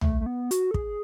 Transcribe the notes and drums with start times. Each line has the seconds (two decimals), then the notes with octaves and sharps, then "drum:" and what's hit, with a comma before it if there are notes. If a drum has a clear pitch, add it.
0.01 A3, drum: tom
0.21 A3
0.26 B3
0.51 F#4, drum: hi-hat
0.71 A4
0.74 G#4, drum: kick